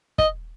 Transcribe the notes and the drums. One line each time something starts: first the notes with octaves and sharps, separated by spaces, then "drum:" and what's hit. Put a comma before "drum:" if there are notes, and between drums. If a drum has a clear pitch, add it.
D#5, drum: kick